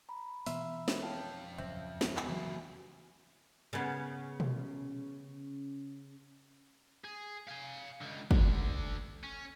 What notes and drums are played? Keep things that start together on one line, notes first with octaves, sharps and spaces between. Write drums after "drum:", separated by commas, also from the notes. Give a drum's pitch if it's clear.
A#5 B5
B2 E3 B3 F4 E5, drum: open hi-hat
drum: snare
F2 C#5 F5 G5 A5
D#1 F#2 C#3 C4 E5
drum: snare
drum: clap
C#3 E3 F#3 A#3 E4 F#4 G#5
C#3 B3
drum: tom B2
G#4
F5 G#5
C#2 D3
D2 D3, drum: kick
C#4